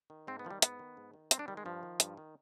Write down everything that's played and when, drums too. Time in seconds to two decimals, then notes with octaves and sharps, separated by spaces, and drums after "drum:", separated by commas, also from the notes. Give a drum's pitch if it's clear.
0.10 D#3
0.27 G#2 C4
0.39 B3
0.45 D#3 F3
0.50 G3
0.62 G#2 B3, drum: hi-hat
0.79 D#3
0.97 G#2
1.14 D#3
1.31 G2 C4, drum: hi-hat
1.39 D4
1.48 D#3 G3
1.57 G#3
1.65 G2 F3
1.83 D#3
2.00 G2, drum: hi-hat
2.17 D#3